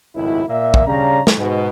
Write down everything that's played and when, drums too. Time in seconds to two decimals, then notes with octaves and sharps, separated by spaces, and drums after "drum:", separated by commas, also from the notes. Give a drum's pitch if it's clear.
0.15 G#1 C#2 F#2 A2 E4
0.48 A#2 A#3 E5
0.74 drum: kick
0.87 C#3 G3 D4 C#5 F5 A#5
1.27 drum: snare
1.38 G#2 B2